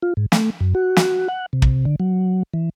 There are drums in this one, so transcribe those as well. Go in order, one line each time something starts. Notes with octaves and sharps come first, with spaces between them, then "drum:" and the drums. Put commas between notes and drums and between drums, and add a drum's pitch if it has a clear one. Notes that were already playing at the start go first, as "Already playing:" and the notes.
F4
G#2
A3, drum: snare
F#2
F#4
drum: snare
F#5
C3
drum: kick
D3
F#3
E3